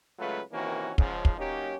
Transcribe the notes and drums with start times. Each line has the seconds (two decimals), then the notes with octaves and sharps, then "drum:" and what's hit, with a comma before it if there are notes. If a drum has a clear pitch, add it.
0.19 C#3 F#3 G#3 A3 F4 B4
0.53 C3 D#3 E3 A#3 C#4 F#4
0.98 G#2 C#3 F3, drum: kick
1.25 drum: kick
1.38 F#3 A#3 C#4 D#4 G4